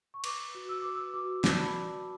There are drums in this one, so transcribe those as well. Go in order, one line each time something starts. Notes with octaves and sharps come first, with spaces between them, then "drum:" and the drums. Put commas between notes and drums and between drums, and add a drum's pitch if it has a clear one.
C#6
B4 D6, drum: cymbal
F#4
E6
B4 D6
E6
F#4 D6
D5 A5, drum: snare
B5
D5